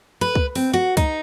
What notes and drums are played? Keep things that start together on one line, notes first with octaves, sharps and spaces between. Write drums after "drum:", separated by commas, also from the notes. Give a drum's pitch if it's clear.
B4
drum: kick
C4, drum: open hi-hat
F#4
D#4, drum: kick, hi-hat